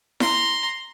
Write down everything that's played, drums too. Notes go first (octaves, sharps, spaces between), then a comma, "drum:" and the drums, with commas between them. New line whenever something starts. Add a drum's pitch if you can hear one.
A#5 C6, drum: snare E4